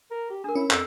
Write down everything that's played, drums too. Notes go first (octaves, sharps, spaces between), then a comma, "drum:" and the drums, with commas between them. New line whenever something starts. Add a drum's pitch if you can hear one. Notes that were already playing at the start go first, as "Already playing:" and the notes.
A#4
G4
D4 G#4 A#4
C#4 E4
F2 E6, drum: clap